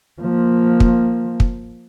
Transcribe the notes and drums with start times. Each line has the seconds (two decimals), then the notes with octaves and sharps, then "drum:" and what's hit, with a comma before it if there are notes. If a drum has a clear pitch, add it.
0.21 F3 A#3
0.80 drum: kick
1.40 drum: kick